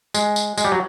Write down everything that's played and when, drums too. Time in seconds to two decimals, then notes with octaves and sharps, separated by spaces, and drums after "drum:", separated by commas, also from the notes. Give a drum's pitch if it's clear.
0.14 G#3, drum: tambourine
0.36 drum: tambourine
0.58 G#3, drum: tambourine
0.65 G3
0.72 F#3